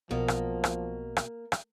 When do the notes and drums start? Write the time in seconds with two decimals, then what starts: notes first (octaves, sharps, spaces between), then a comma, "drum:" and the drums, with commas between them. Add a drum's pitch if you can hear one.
0.11 B1 B2 F3 A#3
0.28 drum: rim click
0.64 drum: rim click
1.17 drum: rim click
1.52 drum: rim click